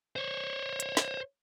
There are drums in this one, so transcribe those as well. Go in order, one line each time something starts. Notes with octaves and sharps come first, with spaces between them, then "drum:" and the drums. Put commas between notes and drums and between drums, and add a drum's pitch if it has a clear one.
C5 C#5
drum: hi-hat
drum: snare